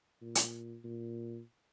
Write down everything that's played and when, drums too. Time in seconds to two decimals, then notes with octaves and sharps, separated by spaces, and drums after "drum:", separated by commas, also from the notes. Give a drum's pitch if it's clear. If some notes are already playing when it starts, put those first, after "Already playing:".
0.22 A#2
0.35 drum: hi-hat
0.84 A#2